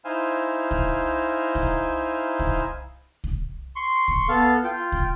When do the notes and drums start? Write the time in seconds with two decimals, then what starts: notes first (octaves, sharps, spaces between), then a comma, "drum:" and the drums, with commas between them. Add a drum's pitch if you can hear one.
0.05 D#4 E4 C5 F5 G#5
0.71 drum: kick C2
1.55 drum: kick C2
2.39 drum: kick C2
3.24 drum: kick C2
3.76 C6 C#6
4.08 drum: kick C2
4.29 B3 A4 F5
4.64 F4 G5
4.92 drum: kick C2